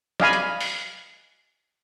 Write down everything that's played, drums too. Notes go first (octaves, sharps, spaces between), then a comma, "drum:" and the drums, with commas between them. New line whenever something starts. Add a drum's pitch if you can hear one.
D5 D#5 F5 G#5 B5, drum: snare
drum: hi-hat
drum: open hi-hat